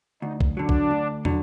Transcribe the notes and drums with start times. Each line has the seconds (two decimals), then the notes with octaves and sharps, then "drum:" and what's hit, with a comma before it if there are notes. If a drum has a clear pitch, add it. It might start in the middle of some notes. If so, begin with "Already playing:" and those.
0.22 D2 D#4
0.41 drum: kick
0.57 D3 F#3 D4
0.69 drum: kick
0.91 D2
1.25 D3 F#3, drum: tom